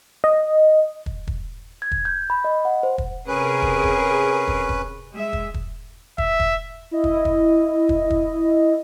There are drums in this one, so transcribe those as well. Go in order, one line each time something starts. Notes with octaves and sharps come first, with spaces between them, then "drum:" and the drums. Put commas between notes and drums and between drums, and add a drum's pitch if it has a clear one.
D#5
drum: kick
drum: kick
G#6
drum: kick
G6
B5
D#5
F#5
C5
drum: kick
C3 C#4 G#4 A#4 B4
drum: kick
drum: kick
drum: kick
drum: kick
G#3 E5
drum: kick
drum: kick
E5, drum: kick
drum: kick
E4 D#5
drum: kick
drum: kick
drum: kick
drum: kick